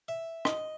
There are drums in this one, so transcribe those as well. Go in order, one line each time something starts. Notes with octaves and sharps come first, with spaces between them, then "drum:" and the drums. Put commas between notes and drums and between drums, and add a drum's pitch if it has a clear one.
E5
D#5, drum: rim click